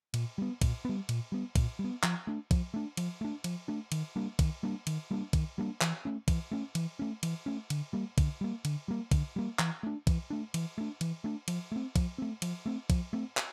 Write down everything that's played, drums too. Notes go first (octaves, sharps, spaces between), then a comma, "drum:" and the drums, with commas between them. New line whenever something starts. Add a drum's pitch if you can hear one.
A#2, drum: cymbal
G3 B3
A#2, drum: kick, cymbal
G3 B3
A#2, drum: cymbal
G3 B3
A#2, drum: kick, cymbal
G3
B3
F3, drum: clap
A3 D4
F3, drum: kick, cymbal
A3 D4
F3, drum: cymbal
A3 D4
F3, drum: cymbal
A3 D4
D#3, drum: cymbal
G3 A#3 D4
D#3, drum: kick, cymbal
G3 A#3 D4
D#3, drum: cymbal
G3 A#3 D4
D#3, drum: kick, cymbal
G3 A#3 D4
E3, drum: clap
A3 C#4
E3, drum: kick, cymbal
A3 C#4
E3, drum: cymbal
A3 C#4
E3, drum: cymbal
A3 C#4
D3, drum: cymbal
G3 A#3
D3, drum: kick, cymbal
G3 A#3
D3, drum: cymbal
G3 A#3
D3, drum: kick, cymbal
G3 A#3
E3, drum: clap
A3 D4
E3, drum: kick, cymbal
A3 D4
E3, drum: cymbal
A3 D4
E3, drum: cymbal
A3 D4
F3, drum: cymbal
A3 C4
F3, drum: kick, cymbal
A3 C4
F3, drum: cymbal
A3 C4
F3, drum: kick, cymbal
A3 C4
drum: clap